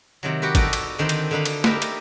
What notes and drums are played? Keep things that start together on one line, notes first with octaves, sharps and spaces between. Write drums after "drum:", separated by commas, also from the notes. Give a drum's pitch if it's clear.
C3 D#3 F#3
F#4 G4 A#4 B4
D#4 F#4 A4 B4 D5 D#5, drum: kick G#1, cymbal
drum: cymbal
D3 D#3 C4 C5
drum: cymbal
D3 D#4 B4 F5 B5
drum: cymbal
D#4 G4 A#4 B4 E5, drum: snare
drum: cymbal